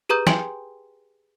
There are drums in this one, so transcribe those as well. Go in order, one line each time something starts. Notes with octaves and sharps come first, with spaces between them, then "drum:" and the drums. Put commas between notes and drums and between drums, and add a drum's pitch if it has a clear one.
G4 G#4 B4 A#5 D#6 G6
G5 G#5 C6 D7 F#7, drum: snare